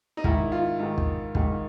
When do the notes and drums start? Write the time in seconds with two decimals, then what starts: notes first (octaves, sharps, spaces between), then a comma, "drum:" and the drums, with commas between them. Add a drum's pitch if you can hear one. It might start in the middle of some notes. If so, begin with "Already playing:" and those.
0.17 D#4
0.24 G#2 D#3 E4, drum: kick
0.52 F4
0.79 G#2 D#3
0.98 drum: kick
1.35 G#2 D#3, drum: kick